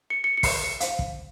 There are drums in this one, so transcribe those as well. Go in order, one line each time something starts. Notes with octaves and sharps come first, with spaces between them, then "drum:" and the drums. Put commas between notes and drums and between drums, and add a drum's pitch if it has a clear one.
C#7
C#7
C#7
C7, drum: kick, open hi-hat
C#7
C5 F5, drum: hi-hat
drum: kick